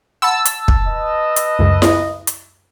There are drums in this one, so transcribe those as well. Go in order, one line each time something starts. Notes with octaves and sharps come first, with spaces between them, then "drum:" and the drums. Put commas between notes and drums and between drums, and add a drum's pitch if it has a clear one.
F#5 A5 B5 E6
drum: hi-hat
drum: kick
B4 D#5
drum: hi-hat
C#2 F#2 C#3
drum: snare E4
drum: hi-hat